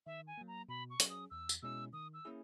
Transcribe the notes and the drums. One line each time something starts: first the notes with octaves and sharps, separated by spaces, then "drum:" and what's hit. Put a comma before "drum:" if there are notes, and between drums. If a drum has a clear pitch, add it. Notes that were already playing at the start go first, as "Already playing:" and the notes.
D#3 E5
G#5
F#3 A#3
A#5
B2 B5
C#6
F#3 C#4 G#4, drum: hi-hat
D#6
E2 E6
drum: tambourine
B2 G#3 C#4 E4 E6
D#3 D#6
E6
A#3 C#4 E4 G#4